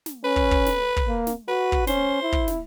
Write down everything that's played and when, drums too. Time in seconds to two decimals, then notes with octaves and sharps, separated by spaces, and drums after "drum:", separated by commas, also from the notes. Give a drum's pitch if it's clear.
0.06 drum: snare
0.24 C#4 B4
0.36 drum: kick
0.51 drum: kick
0.66 drum: snare
0.97 drum: kick
1.08 A#3
1.27 drum: snare
1.48 F#4 B4
1.72 drum: kick
1.87 C#4 C5, drum: snare
2.22 E4
2.32 drum: kick
2.48 drum: snare